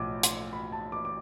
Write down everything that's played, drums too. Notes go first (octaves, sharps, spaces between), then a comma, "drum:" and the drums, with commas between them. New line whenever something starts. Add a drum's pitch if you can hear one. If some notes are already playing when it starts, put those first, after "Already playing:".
Already playing: B1 A2 F3 A3 D6
C6, drum: hi-hat
B5
A5
D6
D6